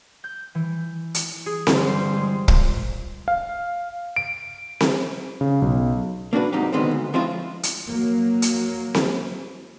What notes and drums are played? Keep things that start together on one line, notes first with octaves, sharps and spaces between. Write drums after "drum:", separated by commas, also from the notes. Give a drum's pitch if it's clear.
G6
E3
drum: hi-hat
G#4
G1, drum: snare C4
C5
G#3
A#2, drum: kick
F5
D7
drum: snare C4
C#3
B1
A#3 D4 F#4 G#4 B4
G#2 C3 F#3 A#3 D#4 G4
B2 D3 D#3 G#3 B3 C4
D2
F3 G#3 C4 C#4 E4 F4
drum: hi-hat
F#3 A#3
drum: hi-hat
drum: snare C4